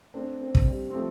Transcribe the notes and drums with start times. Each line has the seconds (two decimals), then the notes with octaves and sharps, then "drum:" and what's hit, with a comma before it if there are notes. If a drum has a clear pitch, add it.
0.14 A3 C4 D4
0.41 C4
0.55 drum: kick
0.68 G3
0.90 C4
0.95 F3 A3 G4